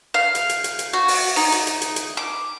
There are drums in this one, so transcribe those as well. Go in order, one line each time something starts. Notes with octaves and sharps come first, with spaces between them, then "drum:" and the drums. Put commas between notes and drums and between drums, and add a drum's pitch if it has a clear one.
F5
drum: hi-hat
drum: hi-hat
drum: hi-hat
drum: hi-hat
F#4
drum: open hi-hat
D#4, drum: open hi-hat
drum: hi-hat
drum: hi-hat
drum: hi-hat
drum: hi-hat
D6